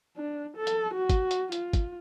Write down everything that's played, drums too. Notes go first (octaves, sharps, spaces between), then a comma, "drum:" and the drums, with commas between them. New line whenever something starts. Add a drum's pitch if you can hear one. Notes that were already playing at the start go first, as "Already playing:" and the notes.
D4
A4
drum: hi-hat
F#4
drum: kick, hi-hat
drum: hi-hat
F4, drum: hi-hat
drum: kick, hi-hat